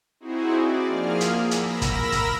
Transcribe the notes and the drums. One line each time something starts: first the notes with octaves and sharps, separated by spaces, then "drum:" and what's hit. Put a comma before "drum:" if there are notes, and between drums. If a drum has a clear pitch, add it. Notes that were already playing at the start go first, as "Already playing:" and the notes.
C4 D#4 E4 F#4 G#4
D5
F3 A#3 G#4 F6
drum: hi-hat
A#4 B5 E6 A#6, drum: hi-hat
drum: kick, hi-hat
drum: kick, hi-hat